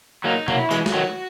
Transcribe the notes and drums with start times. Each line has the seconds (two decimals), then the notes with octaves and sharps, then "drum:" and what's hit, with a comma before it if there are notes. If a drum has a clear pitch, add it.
0.24 F#3 A#3 D#4
0.48 F#3 A#3, drum: tom B2
0.56 E4
0.71 E3 G#3, drum: tambourine
0.86 F#4, drum: snare
0.94 D#3 F#3